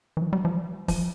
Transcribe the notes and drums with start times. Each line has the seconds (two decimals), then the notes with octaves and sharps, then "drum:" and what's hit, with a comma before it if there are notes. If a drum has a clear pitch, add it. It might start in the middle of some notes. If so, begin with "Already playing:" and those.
0.17 E3
0.22 F3
0.33 G3
0.45 F3
0.88 F3, drum: kick D#1, open hi-hat